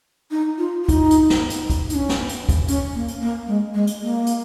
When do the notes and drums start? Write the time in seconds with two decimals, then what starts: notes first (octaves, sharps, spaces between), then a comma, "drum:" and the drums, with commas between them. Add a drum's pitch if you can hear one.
0.31 D#4
0.58 F4
0.84 F4
0.89 D#4, drum: kick, hi-hat
1.10 drum: hi-hat
1.30 drum: snare
1.50 drum: hi-hat
1.70 drum: kick, hi-hat
1.89 D#4, drum: hi-hat
1.94 C#4
2.09 drum: snare
2.29 drum: hi-hat
2.49 drum: kick, hi-hat
2.68 C#4, drum: hi-hat
2.95 A#3
3.08 drum: hi-hat
3.21 A#3
3.47 G#3
3.74 G#3
3.87 drum: hi-hat
4.00 A#3
4.27 drum: hi-hat